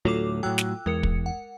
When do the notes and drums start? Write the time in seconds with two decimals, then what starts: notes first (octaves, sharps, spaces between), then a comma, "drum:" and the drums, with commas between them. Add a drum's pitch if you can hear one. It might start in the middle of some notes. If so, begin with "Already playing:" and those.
0.05 D2 A2 F#3 F4 A4 D6
0.43 A2 F#3 G5 E6 F#6
0.58 drum: snare
0.86 E2 G#3 A#4 C#7
1.03 drum: kick
1.26 F#5